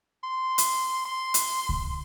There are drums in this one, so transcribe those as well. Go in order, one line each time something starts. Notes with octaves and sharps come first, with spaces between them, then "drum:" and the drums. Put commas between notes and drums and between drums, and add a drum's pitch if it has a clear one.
C6
drum: hi-hat
C6
drum: hi-hat
drum: kick C#2